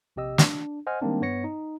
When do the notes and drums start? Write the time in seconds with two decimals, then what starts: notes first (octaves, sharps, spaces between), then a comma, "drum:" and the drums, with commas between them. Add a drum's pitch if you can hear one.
0.16 A#1 C3 G4 D#5 E6
0.38 D4, drum: snare
0.87 C5 D#5 F#5 G#5 F6
1.01 D#3 G3 G#3 A#3 C4 D4
1.21 G2 B3 C#5 A#6 C#7
1.44 D#4